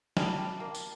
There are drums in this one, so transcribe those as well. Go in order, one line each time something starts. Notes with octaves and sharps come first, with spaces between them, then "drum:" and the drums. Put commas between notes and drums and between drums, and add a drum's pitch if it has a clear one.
G3 A5, drum: snare
G3
A#3
drum: tambourine